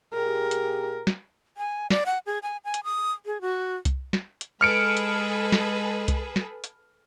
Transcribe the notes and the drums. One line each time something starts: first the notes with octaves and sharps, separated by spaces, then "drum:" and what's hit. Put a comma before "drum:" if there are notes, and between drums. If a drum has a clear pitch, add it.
A#2 G4 G#4 A#4
drum: hi-hat
drum: snare
G#5
D5, drum: snare
F#5
G#4
G#5
G#5
drum: hi-hat
D#6
G#4
F#4
drum: kick C2, hi-hat
drum: snare
drum: hi-hat
G#3 G#4 A4 B4 F6 C#7 D7
drum: hi-hat
drum: snare
drum: kick C2, hi-hat
drum: snare
drum: hi-hat